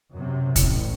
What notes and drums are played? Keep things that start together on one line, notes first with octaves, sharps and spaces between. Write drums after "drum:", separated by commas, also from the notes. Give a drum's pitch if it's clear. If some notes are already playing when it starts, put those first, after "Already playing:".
F#2 C3
A1, drum: kick, hi-hat